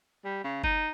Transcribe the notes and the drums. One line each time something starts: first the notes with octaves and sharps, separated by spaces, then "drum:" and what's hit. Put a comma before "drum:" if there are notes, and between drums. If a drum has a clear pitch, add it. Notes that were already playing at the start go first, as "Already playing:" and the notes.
G3
C#3
D#4, drum: kick F#1